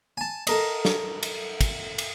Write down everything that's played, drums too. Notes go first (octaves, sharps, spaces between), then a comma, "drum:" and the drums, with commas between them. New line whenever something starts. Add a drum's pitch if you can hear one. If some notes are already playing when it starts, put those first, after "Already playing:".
G#5 A5
A4 A#4 D#5, drum: cymbal
drum: snare
drum: cymbal
drum: kick, cymbal
drum: cymbal